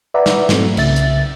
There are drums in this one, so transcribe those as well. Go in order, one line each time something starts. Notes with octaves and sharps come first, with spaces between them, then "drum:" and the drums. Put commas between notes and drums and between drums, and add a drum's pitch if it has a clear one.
B4 D5 E5 F#5 A#5
drum: snare
G#2 F#3 A3 C4, drum: snare
C2 C#3 E5 A6, drum: cymbal
drum: hi-hat